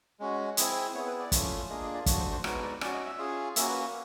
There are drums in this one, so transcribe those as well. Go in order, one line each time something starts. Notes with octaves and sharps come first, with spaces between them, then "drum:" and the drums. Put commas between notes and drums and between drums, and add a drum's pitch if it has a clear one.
G#3 C#4 F#4
C4 E4 G#4, drum: hi-hat
B3 E4 G#4 C#5
B4
D5
A3 C#4 F4, drum: kick, hi-hat
A#3 D4 F4 G#4 D#5
D#5
D5
A3 D4 F#4 C#5, drum: kick, hi-hat
C5
C5
G#3 B3 D#4 F#4 C#5, drum: rim click
D5
C#4 F#4 D5, drum: rim click
D#5
E5
C#4 F4 G#4
A#3 C#4 F#4 E5, drum: hi-hat
B4